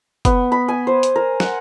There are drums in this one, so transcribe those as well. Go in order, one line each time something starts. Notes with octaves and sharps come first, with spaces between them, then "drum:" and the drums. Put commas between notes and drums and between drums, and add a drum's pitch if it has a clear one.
B3, drum: kick F#1, hi-hat
B5
G#5
C5
drum: hi-hat
A#4
F#5, drum: snare